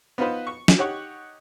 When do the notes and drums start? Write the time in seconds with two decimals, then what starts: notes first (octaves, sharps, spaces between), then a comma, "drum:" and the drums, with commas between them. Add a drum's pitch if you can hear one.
0.18 B3 D#4 F4 B4 C5
0.47 C#6
0.68 drum: snare
0.78 D#4 G4 C#5 F#5 C#6